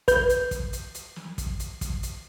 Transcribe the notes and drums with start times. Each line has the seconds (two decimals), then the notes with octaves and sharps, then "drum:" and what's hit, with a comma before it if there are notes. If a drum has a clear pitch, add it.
0.08 B4 G6, drum: kick, hi-hat
0.29 drum: hi-hat
0.51 drum: kick, hi-hat
0.73 drum: hi-hat
0.95 drum: hi-hat
1.16 drum: snare
1.38 drum: kick, hi-hat
1.60 drum: hi-hat
1.81 drum: kick, hi-hat
2.03 drum: hi-hat